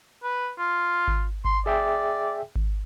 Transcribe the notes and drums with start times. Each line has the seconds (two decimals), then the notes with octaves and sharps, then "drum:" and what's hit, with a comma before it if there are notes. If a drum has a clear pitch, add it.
0.23 B4
0.59 F4
1.08 drum: kick G#1
1.45 C6, drum: kick G#1
1.66 G#4 D5 E5 G5
2.56 drum: kick G#1